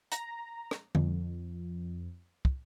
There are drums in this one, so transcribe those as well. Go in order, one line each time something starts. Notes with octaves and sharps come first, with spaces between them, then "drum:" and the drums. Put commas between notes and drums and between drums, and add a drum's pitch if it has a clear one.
A#5, drum: hi-hat
drum: rim click
F2, drum: tom D3
drum: kick